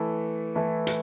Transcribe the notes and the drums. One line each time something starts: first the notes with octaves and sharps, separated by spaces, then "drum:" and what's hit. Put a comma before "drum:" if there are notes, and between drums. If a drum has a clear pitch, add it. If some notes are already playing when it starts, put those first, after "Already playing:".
Already playing: E3 A3 E4 A4
E3 A3 E4 A4
drum: hi-hat